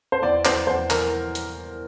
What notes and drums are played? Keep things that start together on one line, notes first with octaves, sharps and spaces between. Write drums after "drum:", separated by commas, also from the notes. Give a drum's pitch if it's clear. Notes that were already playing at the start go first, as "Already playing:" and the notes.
C5
E2 D5
E2 C5, drum: clap
E2 C5
E3 A#4, drum: clap
drum: hi-hat